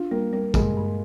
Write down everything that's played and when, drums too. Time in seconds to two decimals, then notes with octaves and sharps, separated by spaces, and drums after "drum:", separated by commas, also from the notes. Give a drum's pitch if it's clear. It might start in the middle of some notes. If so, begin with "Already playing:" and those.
Already playing: D4 F4
0.11 G3 A#3
0.33 G3 A#3
0.54 G2 G#3, drum: kick, tambourine
0.76 G2